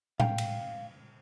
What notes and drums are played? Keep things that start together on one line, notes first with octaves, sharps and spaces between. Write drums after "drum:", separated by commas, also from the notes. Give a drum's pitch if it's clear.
F5 G5, drum: tom A2
drum: cymbal